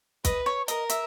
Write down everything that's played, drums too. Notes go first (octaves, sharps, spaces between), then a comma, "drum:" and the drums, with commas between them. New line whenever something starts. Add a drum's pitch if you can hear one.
B4 D#5, drum: kick, hi-hat
C#5
A#4 D#5, drum: hi-hat
E5, drum: hi-hat